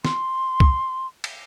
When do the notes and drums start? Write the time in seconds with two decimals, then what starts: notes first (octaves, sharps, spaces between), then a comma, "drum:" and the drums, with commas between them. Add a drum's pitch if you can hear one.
0.05 C6, drum: snare
0.60 drum: kick C2
1.24 drum: cymbal